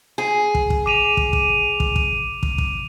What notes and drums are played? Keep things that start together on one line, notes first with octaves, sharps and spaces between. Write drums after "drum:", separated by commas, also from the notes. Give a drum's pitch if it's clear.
G#4
drum: kick
drum: kick
D6 D#7 F7
drum: kick
drum: kick
drum: kick
drum: kick
drum: kick
drum: kick